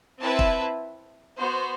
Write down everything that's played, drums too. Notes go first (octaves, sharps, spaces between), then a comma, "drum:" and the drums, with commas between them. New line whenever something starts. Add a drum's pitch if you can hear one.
C4 E4 B4 E5 A5
drum: kick
B3 F#4 C5